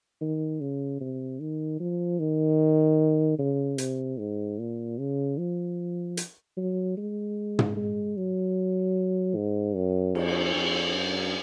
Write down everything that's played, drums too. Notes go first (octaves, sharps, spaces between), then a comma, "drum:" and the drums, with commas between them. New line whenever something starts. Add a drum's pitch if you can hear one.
D#3
C#3
C3
D#3
F3
D#3
C#3
C3, drum: hi-hat
G#2
A#2
C#3
F3
drum: hi-hat
F#3
G#3
drum: tom
G#3
F#3
G#2
F#2
F2, drum: cymbal
drum: cymbal
F2
F#2